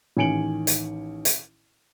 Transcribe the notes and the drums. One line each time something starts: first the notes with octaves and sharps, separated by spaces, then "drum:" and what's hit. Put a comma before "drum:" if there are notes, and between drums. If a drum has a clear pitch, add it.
A1 D#3 G#5 C#7 D7 F#7
drum: hi-hat
drum: hi-hat